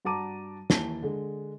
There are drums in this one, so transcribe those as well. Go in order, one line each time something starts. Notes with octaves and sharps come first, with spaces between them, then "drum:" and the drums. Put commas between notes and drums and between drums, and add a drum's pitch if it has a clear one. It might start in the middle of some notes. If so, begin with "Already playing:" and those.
G2 F#4 A5 A#5 D6 D#7
D#2 E3 A5 G7, drum: snare
D3 G#3